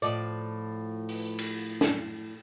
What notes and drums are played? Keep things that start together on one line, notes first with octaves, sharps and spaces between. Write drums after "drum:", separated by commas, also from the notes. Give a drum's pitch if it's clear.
A2 F3 D5
drum: open hi-hat
drum: cymbal
drum: snare